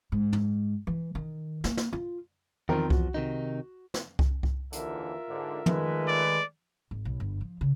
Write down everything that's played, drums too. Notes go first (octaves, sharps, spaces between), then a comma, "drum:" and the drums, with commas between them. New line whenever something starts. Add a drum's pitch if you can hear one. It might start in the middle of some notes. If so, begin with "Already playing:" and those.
G#2
drum: tom
E3
D#3
A#3, drum: snare
drum: snare
F4
E2 D#3 F3 C4 A#4
F#4, drum: kick C2
C3 D#3 D#4
drum: snare
drum: kick C2
drum: kick C2
D#2 D3 E3 F4 A#4 E5, drum: hi-hat
G#2 D3
D#3 G#3 A3 B4, drum: tom
D5
G#1
B1
G1
F3
C#3